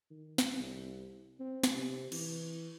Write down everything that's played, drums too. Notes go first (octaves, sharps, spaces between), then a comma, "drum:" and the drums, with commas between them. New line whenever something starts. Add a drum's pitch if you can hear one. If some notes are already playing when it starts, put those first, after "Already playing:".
D#3
drum: snare
C2
C4
drum: snare
C3
E3, drum: cymbal